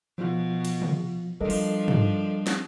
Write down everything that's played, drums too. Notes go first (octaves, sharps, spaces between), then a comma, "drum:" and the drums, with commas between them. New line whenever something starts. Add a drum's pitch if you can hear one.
B2 F3 F4
drum: cymbal
drum: tom
F3 G3 D4 A4 A#4 D#5
drum: open hi-hat
drum: tom
drum: snare